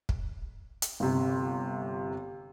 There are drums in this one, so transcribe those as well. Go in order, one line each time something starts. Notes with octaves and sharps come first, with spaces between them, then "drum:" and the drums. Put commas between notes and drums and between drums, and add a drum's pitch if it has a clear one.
drum: kick
drum: hi-hat
G1 C3